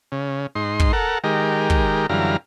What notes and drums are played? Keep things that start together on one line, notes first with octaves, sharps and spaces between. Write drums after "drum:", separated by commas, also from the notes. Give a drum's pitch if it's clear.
C#3
G#2 D#4 C6
drum: kick
A4 A#4 F#5
D#3 G#3 G4 A#4
drum: kick
F#2 D3 E3 G3 F5 A#5